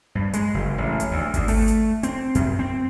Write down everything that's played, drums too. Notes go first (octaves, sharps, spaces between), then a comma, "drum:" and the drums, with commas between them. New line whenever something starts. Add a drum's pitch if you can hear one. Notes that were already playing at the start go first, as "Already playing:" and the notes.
G2
G#3, drum: hi-hat
F#1
A1
drum: hi-hat
D2
D2, drum: kick G#1, hi-hat
A3, drum: open hi-hat
drum: hi-hat
C4, drum: hi-hat
F#2, drum: hi-hat
C4